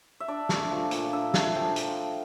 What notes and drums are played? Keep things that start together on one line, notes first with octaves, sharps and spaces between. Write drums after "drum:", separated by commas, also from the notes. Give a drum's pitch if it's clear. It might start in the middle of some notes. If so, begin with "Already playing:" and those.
E5
D4 D5
A3, drum: snare
F3
A#2, drum: hi-hat
D4 E5
A3 F5, drum: snare
F3 G5
drum: hi-hat